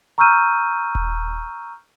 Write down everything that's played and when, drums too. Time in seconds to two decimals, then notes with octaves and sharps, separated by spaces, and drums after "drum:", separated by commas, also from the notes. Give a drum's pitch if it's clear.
0.18 A#5 C#6 E6 F6 G6 D#7
0.95 drum: kick D#1